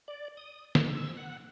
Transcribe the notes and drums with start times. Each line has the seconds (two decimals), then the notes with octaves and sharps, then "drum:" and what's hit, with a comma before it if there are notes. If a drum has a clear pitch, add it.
0.08 D5
0.37 D#6
0.75 E6, drum: snare
1.17 F#5